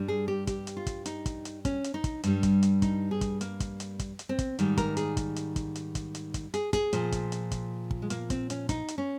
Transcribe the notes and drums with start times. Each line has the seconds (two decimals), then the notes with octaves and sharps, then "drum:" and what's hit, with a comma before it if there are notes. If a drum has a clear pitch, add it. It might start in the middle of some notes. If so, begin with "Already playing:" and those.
Already playing: G2 G3
0.08 G#4
0.28 G4
0.47 G4, drum: kick, hi-hat
0.67 drum: hi-hat
0.77 F4
0.87 drum: kick, hi-hat
1.06 D#4, drum: hi-hat
1.26 drum: kick, hi-hat
1.45 drum: hi-hat
1.65 C#4, drum: kick, hi-hat
1.84 drum: hi-hat
1.94 D#4
2.04 drum: kick, hi-hat
2.23 G2 G3, drum: hi-hat
2.43 drum: kick, hi-hat
2.63 drum: hi-hat
2.82 D#4, drum: kick, hi-hat
3.11 G#4
3.21 drum: kick, hi-hat
3.41 A#3, drum: hi-hat
3.60 drum: kick, hi-hat
3.80 drum: hi-hat
3.99 drum: kick, hi-hat
4.19 drum: hi-hat
4.29 C4
4.39 drum: kick, hi-hat
4.59 G#2 D#3 G3, drum: hi-hat
4.77 A#4, drum: kick, hi-hat
4.97 G#4, drum: hi-hat
5.17 drum: kick, hi-hat
5.36 drum: hi-hat
5.56 drum: kick, hi-hat
5.75 drum: hi-hat
5.95 drum: kick, hi-hat
6.15 drum: hi-hat
6.34 drum: kick, hi-hat
6.54 G#4, drum: hi-hat
6.73 G#4, drum: kick, hi-hat
6.93 A#2 F3, drum: hi-hat
7.12 drum: kick, hi-hat
7.32 drum: hi-hat
7.52 drum: kick, hi-hat
7.91 drum: kick
8.02 G#3
8.10 A#3, drum: hi-hat
8.30 C4, drum: kick, hi-hat
8.50 C#4, drum: hi-hat
8.69 D#4, drum: kick, hi-hat
8.88 drum: hi-hat
8.98 C#4